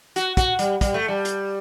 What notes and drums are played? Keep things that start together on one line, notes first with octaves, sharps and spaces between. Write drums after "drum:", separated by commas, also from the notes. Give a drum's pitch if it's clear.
F#4, drum: hi-hat
F#4, drum: kick, hi-hat
G3, drum: hi-hat
G3, drum: kick, hi-hat
A3
G3
drum: hi-hat